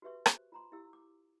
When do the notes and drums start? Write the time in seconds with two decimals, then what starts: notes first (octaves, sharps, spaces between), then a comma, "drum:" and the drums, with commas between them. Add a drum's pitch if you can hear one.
0.02 F#4 G4 B4 E5 C#6
0.26 C5, drum: rim click
0.52 F4 A#5 C6
0.72 E4 G4 F5 E6
0.93 D6